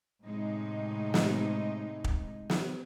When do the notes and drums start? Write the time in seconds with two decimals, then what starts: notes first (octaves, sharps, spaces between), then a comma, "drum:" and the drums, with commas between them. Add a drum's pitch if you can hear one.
0.23 A2 C3 G#3 D#4
1.14 drum: snare
2.04 drum: kick
2.50 drum: snare